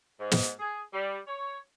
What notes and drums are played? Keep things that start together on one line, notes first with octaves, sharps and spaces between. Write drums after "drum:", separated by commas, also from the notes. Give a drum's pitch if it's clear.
G#2
drum: snare
G#4
G3
C#5